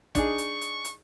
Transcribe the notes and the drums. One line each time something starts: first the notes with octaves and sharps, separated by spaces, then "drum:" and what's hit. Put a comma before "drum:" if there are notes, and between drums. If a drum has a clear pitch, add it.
D4 D#4 G#4 C#6, drum: kick, hi-hat
drum: hi-hat
drum: hi-hat
drum: hi-hat